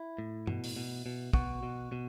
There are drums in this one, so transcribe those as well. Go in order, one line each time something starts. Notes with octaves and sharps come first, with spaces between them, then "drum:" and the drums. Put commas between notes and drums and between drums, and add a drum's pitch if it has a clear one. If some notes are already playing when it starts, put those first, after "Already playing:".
Already playing: E4
A2
B2, drum: tom
drum: open hi-hat
B2
B2
B2 F#4, drum: kick
B2
B2